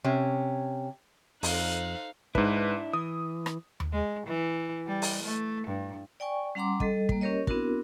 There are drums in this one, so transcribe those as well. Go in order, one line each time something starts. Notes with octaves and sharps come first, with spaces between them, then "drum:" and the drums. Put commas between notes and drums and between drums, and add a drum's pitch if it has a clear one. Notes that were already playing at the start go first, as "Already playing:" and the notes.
C3 C#4
F2 D#4 A4 C5 F5 F#6, drum: open hi-hat
G#2 D4 E4 B4, drum: kick
E3 D#6
drum: rim click
drum: tom D#2
G#3
E3
G3
drum: open hi-hat
A3
G2
D5 G5 G#5 C#6
G3 C#4 F#5 A#5 C6 D6
G3 A4 D#5, drum: kick
G3 A#3, drum: kick
C#4 G4 A#4 C#5 D#5
B3 C4 D4 E4 F#4 A#4, drum: kick